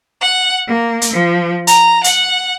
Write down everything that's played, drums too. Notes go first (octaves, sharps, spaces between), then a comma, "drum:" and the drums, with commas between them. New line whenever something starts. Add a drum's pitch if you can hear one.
F#5
A#3
drum: hi-hat
F3
A#5, drum: hi-hat
F#5, drum: hi-hat